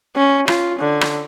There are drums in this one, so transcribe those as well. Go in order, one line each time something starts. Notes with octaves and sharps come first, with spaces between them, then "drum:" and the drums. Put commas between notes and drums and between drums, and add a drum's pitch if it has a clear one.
C#4
F4, drum: rim click
D3
drum: rim click